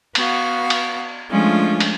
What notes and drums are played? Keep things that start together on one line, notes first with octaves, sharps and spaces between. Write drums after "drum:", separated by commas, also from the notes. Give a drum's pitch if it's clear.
B3 F#4 F5, drum: cymbal
drum: cymbal
F3 G#3 A3 C#4 D4 F4
drum: cymbal